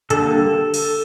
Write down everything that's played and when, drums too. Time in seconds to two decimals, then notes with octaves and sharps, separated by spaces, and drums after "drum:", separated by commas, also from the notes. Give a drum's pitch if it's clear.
0.10 D3 G3 A#3 A4, drum: hi-hat
0.74 drum: cymbal